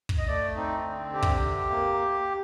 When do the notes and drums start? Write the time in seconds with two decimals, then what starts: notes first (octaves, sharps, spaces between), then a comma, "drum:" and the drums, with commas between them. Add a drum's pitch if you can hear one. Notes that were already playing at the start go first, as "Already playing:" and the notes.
0.09 drum: kick
0.18 D#5
0.27 A3 D5
0.56 C4 D#4
0.85 D3
1.13 C3 G4
1.22 drum: kick
1.41 C3
1.70 A#3